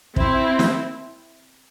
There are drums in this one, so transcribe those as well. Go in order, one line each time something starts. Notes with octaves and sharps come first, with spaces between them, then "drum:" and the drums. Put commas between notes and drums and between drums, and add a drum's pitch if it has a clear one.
C4 E4, drum: kick
drum: snare